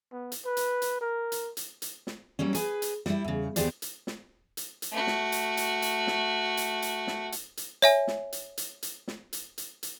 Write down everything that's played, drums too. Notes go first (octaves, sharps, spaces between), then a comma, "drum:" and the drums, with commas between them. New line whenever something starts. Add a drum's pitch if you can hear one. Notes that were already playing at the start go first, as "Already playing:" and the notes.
B3
drum: hi-hat
B4
drum: hi-hat
drum: hi-hat
A#4
drum: hi-hat
drum: hi-hat
drum: hi-hat
drum: snare
F#3 G3 A#3 C#4
G#4 B4, drum: hi-hat
drum: hi-hat
G3 E4, drum: snare
E2 C#3
D#2 B3 G4 G#4 C5 D5, drum: hi-hat
drum: hi-hat
drum: snare
drum: hi-hat
drum: hi-hat
A3 F#4
drum: snare
drum: hi-hat
drum: hi-hat
drum: hi-hat
drum: snare
drum: hi-hat
drum: hi-hat
drum: snare
drum: hi-hat
drum: hi-hat
C#5 E5 G#5, drum: hi-hat
drum: snare
drum: hi-hat
drum: hi-hat
drum: hi-hat
drum: snare
drum: hi-hat
drum: hi-hat
drum: hi-hat